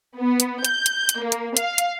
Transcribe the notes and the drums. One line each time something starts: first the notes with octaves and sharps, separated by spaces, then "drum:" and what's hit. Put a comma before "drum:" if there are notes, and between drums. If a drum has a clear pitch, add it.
B3
drum: hi-hat
G6, drum: hi-hat
drum: hi-hat
drum: hi-hat
A#3
drum: hi-hat
F5, drum: hi-hat
drum: hi-hat